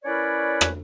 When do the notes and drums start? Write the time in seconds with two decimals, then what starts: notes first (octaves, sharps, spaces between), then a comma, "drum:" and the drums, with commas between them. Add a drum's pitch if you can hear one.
0.05 C#4 E4 A#4 B4 C#5 D5
0.61 drum: rim click